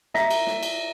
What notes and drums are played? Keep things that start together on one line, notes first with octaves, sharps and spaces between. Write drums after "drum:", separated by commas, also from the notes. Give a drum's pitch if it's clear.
E5 A#5 A#6 B6, drum: snare
drum: cymbal
drum: snare
drum: cymbal